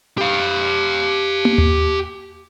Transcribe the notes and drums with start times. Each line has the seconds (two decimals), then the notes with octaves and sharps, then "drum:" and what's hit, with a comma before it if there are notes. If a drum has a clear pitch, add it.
0.18 G4 F5
1.45 drum: tom
1.58 drum: tom D#2